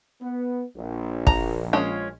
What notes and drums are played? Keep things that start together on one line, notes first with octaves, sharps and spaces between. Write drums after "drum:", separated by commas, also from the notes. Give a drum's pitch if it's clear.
B3
A#1
A#5, drum: kick
G#3 C#4 F4